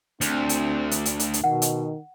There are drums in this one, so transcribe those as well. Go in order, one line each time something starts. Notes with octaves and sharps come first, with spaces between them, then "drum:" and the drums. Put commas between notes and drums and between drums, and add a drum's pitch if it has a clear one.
D2 C4 D4, drum: hi-hat
drum: hi-hat
drum: hi-hat
drum: hi-hat
drum: hi-hat
drum: hi-hat
B2 D#3 F#5
drum: hi-hat